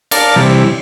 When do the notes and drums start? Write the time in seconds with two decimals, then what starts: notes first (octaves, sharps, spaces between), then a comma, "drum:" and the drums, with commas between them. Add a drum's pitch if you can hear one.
0.11 A#4 D5 F5 A5, drum: cymbal
0.36 C3 E3 G3